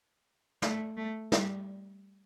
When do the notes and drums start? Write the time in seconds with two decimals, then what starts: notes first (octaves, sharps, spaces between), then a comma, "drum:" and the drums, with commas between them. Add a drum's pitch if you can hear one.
0.62 A3, drum: snare
0.97 A3
1.32 G3, drum: snare